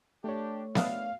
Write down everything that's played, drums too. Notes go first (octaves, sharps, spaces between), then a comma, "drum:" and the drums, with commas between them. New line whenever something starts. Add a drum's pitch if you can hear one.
A3 D4 G4 C#5
B3 D4 E4 F5, drum: snare B3